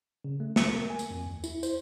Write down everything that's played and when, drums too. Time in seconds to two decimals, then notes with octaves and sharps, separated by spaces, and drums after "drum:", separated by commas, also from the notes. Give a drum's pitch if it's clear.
0.24 C#3
0.40 A3
0.56 C#7, drum: snare
0.75 A#4
0.90 G#5
0.99 drum: tambourine
1.10 F2
1.26 D#2
1.44 E4, drum: tambourine
1.63 C5, drum: tambourine